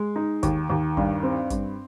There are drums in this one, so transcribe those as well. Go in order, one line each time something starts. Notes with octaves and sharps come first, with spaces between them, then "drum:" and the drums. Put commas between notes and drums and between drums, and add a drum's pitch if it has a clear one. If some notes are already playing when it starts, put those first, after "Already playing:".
Already playing: G#3
D#4
D#2, drum: kick, hi-hat
D#2
G2, drum: kick
C4
G2, drum: kick, hi-hat